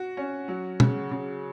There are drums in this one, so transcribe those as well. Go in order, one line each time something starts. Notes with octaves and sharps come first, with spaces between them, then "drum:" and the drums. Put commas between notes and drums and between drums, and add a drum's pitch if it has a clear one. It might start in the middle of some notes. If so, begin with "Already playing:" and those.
Already playing: F#4
C#4
F#3
C#3, drum: tom
C#3